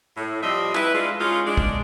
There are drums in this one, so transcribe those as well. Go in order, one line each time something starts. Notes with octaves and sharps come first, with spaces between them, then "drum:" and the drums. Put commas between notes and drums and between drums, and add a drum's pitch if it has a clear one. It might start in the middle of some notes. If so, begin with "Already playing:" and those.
A2
F3 G3 C4 D#5 E5
E4 B4, drum: clap
G#3 D4 F4
G#3 C#4 D#4 F4
G#3 D4
drum: kick